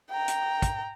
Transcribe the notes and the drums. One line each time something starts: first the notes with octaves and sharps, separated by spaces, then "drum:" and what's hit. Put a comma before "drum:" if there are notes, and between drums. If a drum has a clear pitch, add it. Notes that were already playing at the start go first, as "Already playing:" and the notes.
G5 A#5
drum: hi-hat
drum: kick, hi-hat